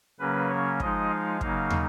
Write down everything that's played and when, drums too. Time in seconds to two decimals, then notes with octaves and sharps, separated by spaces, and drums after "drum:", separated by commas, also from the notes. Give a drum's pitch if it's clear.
0.19 C#3 F#3 A#3 C#4 B4
0.49 C#5
0.80 F3 G#3 D#4 D#5, drum: kick
1.10 F5
1.41 C#3 F#3 A#3 D#4, drum: kick
1.70 drum: tom